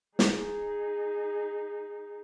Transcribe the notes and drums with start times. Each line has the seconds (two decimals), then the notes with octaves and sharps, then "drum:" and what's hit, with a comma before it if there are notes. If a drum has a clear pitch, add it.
0.19 D#4 G#4, drum: snare